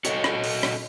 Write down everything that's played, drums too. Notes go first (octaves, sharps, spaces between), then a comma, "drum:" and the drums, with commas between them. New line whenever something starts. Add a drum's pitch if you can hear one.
F#4 A4 C#5 D#5, drum: hi-hat
drum: rim click
drum: open hi-hat
drum: rim click